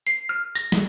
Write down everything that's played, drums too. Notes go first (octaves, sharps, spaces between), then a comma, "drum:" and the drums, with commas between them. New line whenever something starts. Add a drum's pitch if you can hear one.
C7
F6
A#6, drum: tambourine
drum: snare